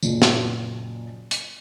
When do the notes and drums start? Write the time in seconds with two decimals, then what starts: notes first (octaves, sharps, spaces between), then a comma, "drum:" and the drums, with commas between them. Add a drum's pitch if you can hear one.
0.03 F#1 A#2, drum: tambourine
0.22 drum: snare
1.31 drum: hi-hat